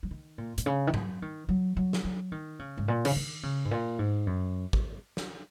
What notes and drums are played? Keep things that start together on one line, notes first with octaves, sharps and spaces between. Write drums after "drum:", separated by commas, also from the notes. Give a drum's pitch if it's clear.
F#3
D#3
A#2
A#2, drum: hi-hat
C#3
D#3
F#3, drum: tom G#2
D#3
F#3
F#3
drum: snare
F#3
D#3
C#3
G#2
A#2
C#3, drum: cymbal
D#3
C#3
G#2
A#2
G#2
F#2
drum: kick
drum: snare